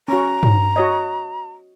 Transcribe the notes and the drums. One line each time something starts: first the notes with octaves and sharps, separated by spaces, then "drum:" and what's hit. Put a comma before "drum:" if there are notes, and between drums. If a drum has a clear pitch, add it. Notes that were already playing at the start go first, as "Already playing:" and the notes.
C#4 F#4 A#5
drum: tom G2
F#4 C#5 D#5